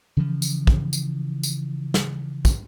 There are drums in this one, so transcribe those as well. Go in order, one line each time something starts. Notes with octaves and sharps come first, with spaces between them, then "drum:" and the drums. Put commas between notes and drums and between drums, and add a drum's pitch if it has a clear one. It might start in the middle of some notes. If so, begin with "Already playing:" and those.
C#3 E3 F3
drum: tambourine
drum: kick
drum: tambourine
drum: tambourine
drum: snare
drum: kick, tambourine